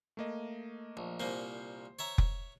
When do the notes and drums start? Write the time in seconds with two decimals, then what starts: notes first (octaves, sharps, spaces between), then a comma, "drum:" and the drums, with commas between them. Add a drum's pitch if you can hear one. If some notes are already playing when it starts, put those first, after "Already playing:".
0.17 A3 A#3 D#5
0.97 A#1
1.20 C2 A#2 A#3 C5
1.99 C#5 E5 A#5
2.18 drum: kick F1